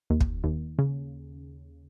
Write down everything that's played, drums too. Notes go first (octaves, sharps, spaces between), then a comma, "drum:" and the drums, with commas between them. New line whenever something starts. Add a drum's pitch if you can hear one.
D#2
drum: kick
D#2
C#3